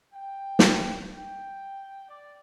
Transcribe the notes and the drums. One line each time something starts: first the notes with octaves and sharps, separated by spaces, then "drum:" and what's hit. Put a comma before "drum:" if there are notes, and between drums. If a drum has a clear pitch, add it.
G5
drum: snare
G5
D5